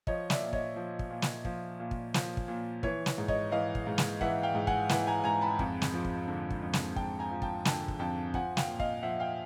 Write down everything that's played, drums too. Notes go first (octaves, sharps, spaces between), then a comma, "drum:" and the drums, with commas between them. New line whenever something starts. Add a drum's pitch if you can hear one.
F3 C#5 D#5, drum: kick
D5 E5, drum: snare
A#2
C#5 D#5, drum: kick
F3
drum: kick
A#2
drum: snare
F3, drum: kick
A#2
drum: kick
F3, drum: snare
drum: kick
A#2
E3 C#5, drum: kick
drum: snare
G#2
C#5 D#5, drum: kick
E3 D#5 F5
drum: kick
G#2
drum: snare
E3 E5 F#5, drum: kick
F5 G5
G#2
F#5 G#5, drum: kick
E3 F#5 G#5, drum: snare
G#5 A#5
G#2 G#5 A#5
A5 B5
F2, drum: kick
drum: snare
F3
drum: kick
D3
drum: kick
F2
drum: snare
F2 G5 A5, drum: kick
G#5 A#5
F3
G5 A5, drum: kick
D3 G5 A5, drum: snare
drum: kick
F2 G5 A5
F3 F#5 G#5, drum: kick
F5 G5, drum: snare
A#2
D#5 F5, drum: kick
F3 E5 F#5
F5 G5